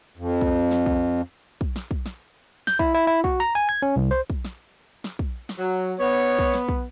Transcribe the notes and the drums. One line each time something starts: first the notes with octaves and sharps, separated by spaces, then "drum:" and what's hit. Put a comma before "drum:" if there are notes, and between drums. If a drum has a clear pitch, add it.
F2
drum: kick
drum: snare
drum: kick
drum: kick
drum: snare
drum: kick
drum: snare
G6, drum: snare
E4, drum: kick
E4
E4
F#4, drum: kick
A#5
G#5
G#6
C#4
C2
C5
drum: kick
drum: snare
drum: snare
drum: kick
drum: snare
F#3
B3 C#5
drum: kick
drum: snare
drum: kick